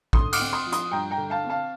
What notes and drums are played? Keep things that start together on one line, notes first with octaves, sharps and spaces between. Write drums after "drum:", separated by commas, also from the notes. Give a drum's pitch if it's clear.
D3 C6 D#6, drum: kick
D6 F6, drum: cymbal
C4
C6 D#6
F3
C6 D#6, drum: hi-hat
G2 G5 A#5
G5 A#5
D3
F5 A5
C4
F5 A5